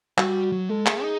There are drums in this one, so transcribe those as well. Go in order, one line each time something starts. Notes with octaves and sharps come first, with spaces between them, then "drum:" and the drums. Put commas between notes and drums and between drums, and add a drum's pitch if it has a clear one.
G3 F#4, drum: clap
F#3
G#3 A4
A3 G#4, drum: clap
D#4